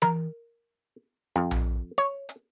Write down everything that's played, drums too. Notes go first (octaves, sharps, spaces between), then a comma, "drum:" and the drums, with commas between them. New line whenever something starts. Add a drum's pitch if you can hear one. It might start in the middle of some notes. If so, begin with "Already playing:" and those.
A#4, drum: tom E3
F2
drum: tom A#1
C#5
drum: hi-hat